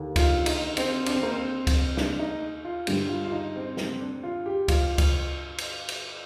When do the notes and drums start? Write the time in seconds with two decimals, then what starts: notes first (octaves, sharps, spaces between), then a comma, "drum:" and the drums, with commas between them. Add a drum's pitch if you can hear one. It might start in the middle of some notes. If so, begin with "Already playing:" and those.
Already playing: D#2 D3
0.16 F4, drum: kick C#2, cymbal
0.46 D#4, drum: cymbal
0.77 C4, drum: cymbal
1.06 D4, drum: cymbal
1.15 C4
1.23 A#3
1.32 C4
1.67 drum: kick C#2, cymbal
1.97 D4, drum: snare
2.20 D#4
2.65 F4
2.87 G2 D3 G3 G4, drum: cymbal
3.09 F4
3.24 F4
3.32 D#4
3.56 C4
3.77 C4, drum: snare
4.00 D4
4.23 F4
4.46 G4
4.68 F4, drum: kick C#2, cymbal
4.98 drum: kick C#2, cymbal
5.58 drum: cymbal
5.89 drum: cymbal